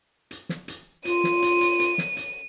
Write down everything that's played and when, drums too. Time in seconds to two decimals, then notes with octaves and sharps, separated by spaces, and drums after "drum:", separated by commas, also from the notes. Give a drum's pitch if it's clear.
0.31 drum: hi-hat
0.49 drum: snare
0.68 drum: hi-hat
1.05 F4 D#7, drum: hi-hat
1.24 drum: snare
1.42 drum: hi-hat
1.61 drum: hi-hat
1.80 drum: hi-hat
1.98 drum: snare
2.17 drum: hi-hat